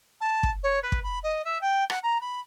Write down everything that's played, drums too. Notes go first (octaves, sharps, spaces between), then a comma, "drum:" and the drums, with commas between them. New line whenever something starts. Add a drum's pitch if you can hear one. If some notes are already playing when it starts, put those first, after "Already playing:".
A5
drum: kick
C#5
B4
drum: kick
B5
D#5
E5
G5
F#5, drum: rim click
A#5
B5